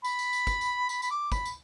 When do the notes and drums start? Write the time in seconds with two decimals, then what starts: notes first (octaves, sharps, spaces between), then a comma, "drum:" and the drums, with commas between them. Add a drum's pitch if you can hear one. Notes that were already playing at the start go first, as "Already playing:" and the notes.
0.04 B5, drum: tambourine
0.19 drum: tambourine
0.33 drum: tambourine
0.47 drum: kick, tambourine
0.61 drum: tambourine
0.89 B5, drum: tambourine
1.02 B5, drum: tambourine
1.11 D6
1.32 B5, drum: kick, tambourine
1.45 drum: tambourine